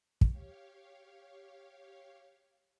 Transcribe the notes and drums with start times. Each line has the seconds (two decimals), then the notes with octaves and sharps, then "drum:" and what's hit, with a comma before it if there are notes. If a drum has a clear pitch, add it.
0.21 G4 C#5 F5, drum: kick